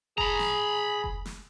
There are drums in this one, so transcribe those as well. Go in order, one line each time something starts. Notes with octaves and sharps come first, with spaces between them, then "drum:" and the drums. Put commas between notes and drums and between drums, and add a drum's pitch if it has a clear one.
G#4 A#5 B5, drum: kick F1
drum: snare
drum: kick F1
drum: snare